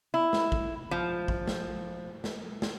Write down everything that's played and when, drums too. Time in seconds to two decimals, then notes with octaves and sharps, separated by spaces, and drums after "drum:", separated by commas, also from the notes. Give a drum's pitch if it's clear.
0.14 E4
0.33 drum: snare
0.52 drum: kick
0.91 F3
1.28 drum: kick
1.47 drum: snare
2.24 drum: snare
2.62 drum: snare